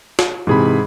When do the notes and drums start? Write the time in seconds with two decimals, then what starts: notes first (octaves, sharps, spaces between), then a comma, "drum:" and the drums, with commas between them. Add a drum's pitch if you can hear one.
0.19 drum: snare
0.47 G#2 C3 E3 G#4 B5